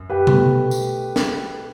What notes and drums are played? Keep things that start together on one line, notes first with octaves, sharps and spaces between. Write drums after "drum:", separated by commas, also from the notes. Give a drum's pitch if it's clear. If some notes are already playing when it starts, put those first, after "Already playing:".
Already playing: F#2
G4 B4
B1 B2 A3, drum: tom C3
drum: tambourine
drum: snare